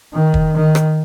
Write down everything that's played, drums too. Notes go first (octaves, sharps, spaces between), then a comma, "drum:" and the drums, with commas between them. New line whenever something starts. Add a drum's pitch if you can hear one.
D#3
drum: kick
D#3
drum: rim click